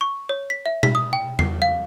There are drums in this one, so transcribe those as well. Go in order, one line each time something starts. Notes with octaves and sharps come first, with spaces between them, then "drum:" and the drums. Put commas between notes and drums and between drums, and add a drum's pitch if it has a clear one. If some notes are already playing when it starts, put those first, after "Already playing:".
C#6
C#5
B6
E5
B6, drum: tom B2
D#6
G5
C7, drum: tom E2
F5